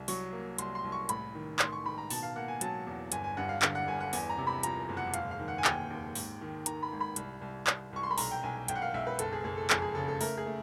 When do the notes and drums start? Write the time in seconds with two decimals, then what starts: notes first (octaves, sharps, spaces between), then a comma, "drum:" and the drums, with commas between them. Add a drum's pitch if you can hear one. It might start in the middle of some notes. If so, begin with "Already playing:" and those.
Already playing: C2
0.08 F#3 C#6, drum: open hi-hat
0.33 A#3
0.58 C2 C6, drum: hi-hat
0.75 C6
0.84 C2
0.92 C#6
1.09 A1 B5, drum: hi-hat
1.35 D#3
1.59 A1 C6, drum: clap
1.73 C#6
1.86 D#3 B5
1.98 A#5
2.10 B2 A5, drum: open hi-hat
2.23 F5
2.35 A#3 F#5
2.48 G#5
2.61 F#3 A5, drum: hi-hat
2.87 E2
3.12 G1 G#5, drum: hi-hat
3.24 G#5
3.37 G2 F#5
3.49 F5
3.62 D3, drum: clap
3.75 F#5
3.88 G1 G#5
4.00 F#5
4.13 E2 G#5, drum: open hi-hat
4.29 A#5
4.38 C3
4.47 B5
4.63 F3 A#5, drum: hi-hat
4.89 F#1
4.97 F#5
5.14 E1 F5, drum: hi-hat
5.31 F5
5.39 D#3
5.48 F#5
5.58 G#5
5.65 D#2 G5, drum: clap
5.90 D#2
6.15 G#2, drum: open hi-hat
6.41 D#3
6.66 D#3 A#5, drum: hi-hat
6.83 B5
6.91 G#1
7.00 B5
7.16 C2, drum: hi-hat
7.41 C2
7.67 C2, drum: clap
7.93 C2 C#6
8.03 C6
8.11 B5
8.18 B1 A#5, drum: open hi-hat
8.31 G5
8.43 B1 G#5
8.68 B1 G5, drum: hi-hat
8.75 F#5
8.82 F5
8.94 B1 E5
9.07 B4
9.19 F#1 A4, drum: hi-hat
9.32 G#4
9.44 F#1 G#4
9.57 A4
9.70 F2 G#4, drum: clap
9.82 G#4
9.95 C#3 A4
10.08 A4
10.21 A3 A#4, drum: open hi-hat
10.38 G#4
10.46 A3